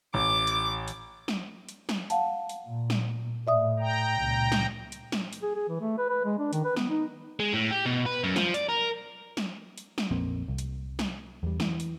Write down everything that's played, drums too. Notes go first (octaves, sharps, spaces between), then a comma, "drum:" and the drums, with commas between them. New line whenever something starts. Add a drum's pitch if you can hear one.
A1 D6
drum: hi-hat
drum: hi-hat
drum: snare
drum: hi-hat
drum: snare
F5 F#5 A5, drum: hi-hat
drum: hi-hat
A#2
drum: snare
A2 D5 E5 D#6
G5 A#5
C#2 A#2
drum: snare
drum: hi-hat
drum: snare
drum: hi-hat
G#4
G#4
E3
A3
B4
B4
G#3
D4
D#3, drum: hi-hat
B4
B3, drum: snare
D#4
G#3
A2
G4
B2
B4
F#2
F3, drum: snare
D5, drum: hi-hat
A#4
drum: snare
drum: hi-hat
drum: snare
A#1 F2 A#3 C4
C2
drum: hi-hat
drum: snare
E2 G3
E3, drum: snare
drum: hi-hat